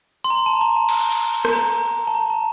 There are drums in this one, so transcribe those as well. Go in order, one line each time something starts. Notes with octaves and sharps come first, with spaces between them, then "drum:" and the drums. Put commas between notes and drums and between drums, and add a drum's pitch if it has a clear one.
C6
A#5
A5
A#5
A5
drum: cymbal
drum: cymbal
A5, drum: rim click
A#5
A5
A#5
A5